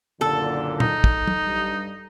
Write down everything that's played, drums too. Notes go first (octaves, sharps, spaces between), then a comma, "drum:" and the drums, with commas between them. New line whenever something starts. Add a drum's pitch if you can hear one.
F#1 A#2 D3 A4
D#4, drum: tom A#2
drum: kick
drum: tom
G2